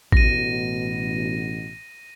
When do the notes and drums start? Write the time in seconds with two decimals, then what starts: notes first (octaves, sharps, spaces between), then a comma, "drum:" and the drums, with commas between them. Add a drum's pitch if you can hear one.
0.12 A1 B2 A#6 D#7, drum: kick A1